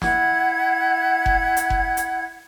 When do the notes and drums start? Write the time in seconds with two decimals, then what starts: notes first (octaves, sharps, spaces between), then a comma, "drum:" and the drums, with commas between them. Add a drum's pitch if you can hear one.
0.02 E4 F#5 G#6, drum: snare
1.26 drum: kick F1
1.57 drum: hi-hat
1.70 drum: kick F1
1.97 drum: hi-hat